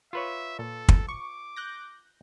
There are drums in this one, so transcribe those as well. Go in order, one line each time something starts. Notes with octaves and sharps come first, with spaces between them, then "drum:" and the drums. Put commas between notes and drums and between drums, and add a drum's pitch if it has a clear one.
F4 B4 C#5 E5
A#2 A4
drum: kick
C#6 D6
F#6 G6 A#6